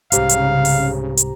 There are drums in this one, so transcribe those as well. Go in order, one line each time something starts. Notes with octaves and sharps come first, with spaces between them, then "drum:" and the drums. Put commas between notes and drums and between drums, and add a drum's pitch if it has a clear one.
C2 G#2 C#3 G4 C5 F5 A#5, drum: hi-hat
drum: hi-hat
drum: open hi-hat
drum: hi-hat